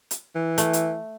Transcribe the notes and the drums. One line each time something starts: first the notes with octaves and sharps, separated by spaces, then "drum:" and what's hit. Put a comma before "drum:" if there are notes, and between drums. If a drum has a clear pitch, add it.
drum: hi-hat
E3
A3, drum: hi-hat
drum: hi-hat